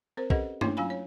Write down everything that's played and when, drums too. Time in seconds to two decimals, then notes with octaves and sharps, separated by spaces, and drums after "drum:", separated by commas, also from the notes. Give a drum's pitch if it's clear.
0.17 C4 A#4 C5
0.30 C#4 G4 A4 B4 D#5 F#5, drum: kick
0.61 A3 A#3 D4 E4 C#5 C6, drum: tom
0.77 F#3 C#4 F4 F5 G#5 B5
0.90 C#5